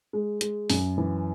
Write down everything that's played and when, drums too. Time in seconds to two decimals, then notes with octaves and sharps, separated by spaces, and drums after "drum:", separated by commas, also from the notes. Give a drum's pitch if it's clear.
0.13 G#3
0.41 G#3, drum: hi-hat
0.70 F#2, drum: open hi-hat
0.98 E3